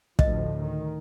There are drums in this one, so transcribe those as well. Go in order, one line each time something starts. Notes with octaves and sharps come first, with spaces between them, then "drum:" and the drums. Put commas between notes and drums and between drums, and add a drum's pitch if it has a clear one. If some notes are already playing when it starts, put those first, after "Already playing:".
D2 A2 F3 D#5, drum: kick
D#3